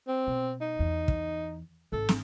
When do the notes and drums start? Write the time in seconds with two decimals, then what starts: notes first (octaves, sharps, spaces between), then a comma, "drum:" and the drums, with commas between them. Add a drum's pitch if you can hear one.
0.08 C4
0.27 B2
0.61 D#4
0.79 E2
1.08 drum: kick
1.92 G#1 A4
2.09 drum: snare